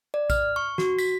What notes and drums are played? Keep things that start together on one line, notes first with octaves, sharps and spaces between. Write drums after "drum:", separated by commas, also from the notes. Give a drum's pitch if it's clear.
D5
F6, drum: kick A#1, tambourine
C#6
F#4, drum: snare
B6, drum: tambourine